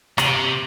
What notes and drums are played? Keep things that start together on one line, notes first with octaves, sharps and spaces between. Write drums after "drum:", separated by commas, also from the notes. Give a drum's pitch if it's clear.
C3, drum: rim click